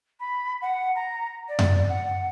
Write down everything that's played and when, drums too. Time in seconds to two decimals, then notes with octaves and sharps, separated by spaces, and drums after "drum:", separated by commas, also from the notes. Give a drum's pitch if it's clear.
0.19 B5
0.61 F#5
0.95 A#5
1.48 D5
1.59 drum: tom F#2
1.89 F#5